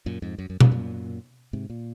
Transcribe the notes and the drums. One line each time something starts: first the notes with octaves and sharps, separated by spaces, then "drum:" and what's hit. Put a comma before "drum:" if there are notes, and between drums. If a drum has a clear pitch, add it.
F#2 A#2
F2 G#2
F#2
F#2
F2 G#2, drum: tom B2
F#2 A#2
G#2 C3
A#2